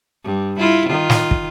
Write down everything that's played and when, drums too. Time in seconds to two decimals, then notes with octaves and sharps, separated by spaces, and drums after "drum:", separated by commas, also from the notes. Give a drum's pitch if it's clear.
0.25 G2
0.59 E4 F4
0.88 D#3 F4
1.10 drum: snare
1.31 drum: kick